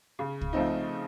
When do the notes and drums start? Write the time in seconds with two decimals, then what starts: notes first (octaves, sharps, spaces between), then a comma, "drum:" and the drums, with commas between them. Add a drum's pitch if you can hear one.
0.19 C#3
0.41 drum: kick
0.53 F3 A3 C4 D#4